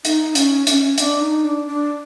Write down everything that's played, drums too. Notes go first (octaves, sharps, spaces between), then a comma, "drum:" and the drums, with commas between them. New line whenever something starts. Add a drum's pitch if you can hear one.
D#4, drum: hi-hat
C#4, drum: hi-hat
D4, drum: hi-hat
C#4
D4, drum: hi-hat
D#4
D4
D4